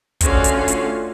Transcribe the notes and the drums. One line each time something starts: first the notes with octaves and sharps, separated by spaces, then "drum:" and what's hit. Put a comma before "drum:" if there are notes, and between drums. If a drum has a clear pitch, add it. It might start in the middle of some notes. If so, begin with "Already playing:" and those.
D3 A3 C#4 F4 F#4 F5, drum: kick, hi-hat
drum: hi-hat
drum: hi-hat